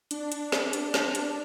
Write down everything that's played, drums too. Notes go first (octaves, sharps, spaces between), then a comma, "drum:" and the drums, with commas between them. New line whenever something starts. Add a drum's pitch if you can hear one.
D4, drum: hi-hat
drum: hi-hat
drum: snare
drum: hi-hat
drum: snare
drum: hi-hat